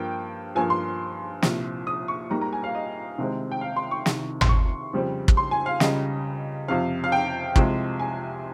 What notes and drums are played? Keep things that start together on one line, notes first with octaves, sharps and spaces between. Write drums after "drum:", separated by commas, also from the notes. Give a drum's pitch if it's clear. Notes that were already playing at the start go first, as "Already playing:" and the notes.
Already playing: G2 F3 A#3 G5
G2 F3 A#3 G#5
C6
C2 A#2 F3, drum: snare
D#6
C#6
G#2 G3 A#3 A#5
A#5
G#5
F5
D#5
C2 C3 D#3 G#3 C4
G5
F5
C6
C#6
C2 C3 D#3, drum: snare
C6, drum: tom G#1
C#6
F2 C#3 G3 C4
drum: kick
C6
G#5
F5
C#2 C#3 G3 D#5, drum: snare
F2 C3 F3 F5
F5
G5
C2 C3 F3 G#3, drum: kick
G#5